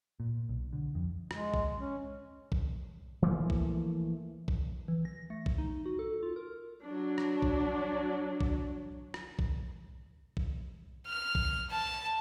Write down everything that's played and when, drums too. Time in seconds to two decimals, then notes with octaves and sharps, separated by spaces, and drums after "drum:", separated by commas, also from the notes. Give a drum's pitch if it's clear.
0.20 A#2
0.49 B1
0.73 D3
0.95 F2
1.31 G#3, drum: rim click
1.54 drum: kick
1.78 C#4
2.52 drum: kick
3.22 E3 F3 A3 A#3
3.50 drum: kick
4.48 drum: kick
4.88 E3
5.05 A#6
5.30 A3
5.46 drum: kick
5.58 D#4
5.86 F#4
5.99 A4
6.23 F4
6.36 A#4
6.85 F#3 D4
7.18 drum: rim click
7.42 drum: kick
8.41 drum: kick
9.14 drum: rim click
9.39 drum: kick
10.37 drum: kick
11.07 F6
11.35 drum: kick
11.70 A5